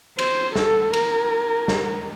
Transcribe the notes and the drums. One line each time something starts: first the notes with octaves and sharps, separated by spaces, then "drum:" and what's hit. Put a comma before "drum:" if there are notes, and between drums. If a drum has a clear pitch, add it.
C5, drum: cymbal
A4, drum: snare
A#4, drum: cymbal
drum: snare